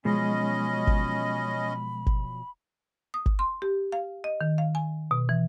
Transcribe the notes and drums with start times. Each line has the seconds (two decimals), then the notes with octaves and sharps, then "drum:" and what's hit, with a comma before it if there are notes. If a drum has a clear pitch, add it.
0.05 B2 F3 F#3 G#3 C#4 D#5 B5
0.87 drum: kick G1
2.06 drum: kick G1
3.14 D#6
3.26 drum: kick G1
3.39 C6
3.62 G4
3.92 F5
4.24 D#5
4.41 D#3
4.58 F5
4.75 G#5
5.11 B2
5.29 E3